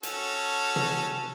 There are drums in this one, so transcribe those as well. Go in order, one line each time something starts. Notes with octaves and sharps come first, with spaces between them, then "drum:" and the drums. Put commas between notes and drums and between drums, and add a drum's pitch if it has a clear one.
C#4 F#4 A4, drum: hi-hat
drum: tom